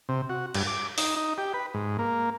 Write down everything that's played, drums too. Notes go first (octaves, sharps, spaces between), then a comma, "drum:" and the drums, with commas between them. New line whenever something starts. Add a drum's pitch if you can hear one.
C3
F#4
G2, drum: cymbal
D6
D#4, drum: open hi-hat
D#4
G4
B4
G#2
A#3